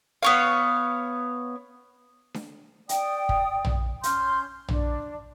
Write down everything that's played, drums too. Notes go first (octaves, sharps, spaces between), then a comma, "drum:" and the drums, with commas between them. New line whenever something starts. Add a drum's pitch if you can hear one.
B3 C#5 F5
drum: snare D4
D5 G5 D#6, drum: hi-hat
drum: kick
drum: tom A#1
C#4 C6 F6 G6, drum: hi-hat
D4, drum: tom A#1